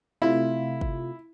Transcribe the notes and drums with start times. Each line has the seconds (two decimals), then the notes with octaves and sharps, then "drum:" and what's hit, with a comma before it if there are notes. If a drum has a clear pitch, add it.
0.22 C3 A3 E4 F4
0.81 drum: kick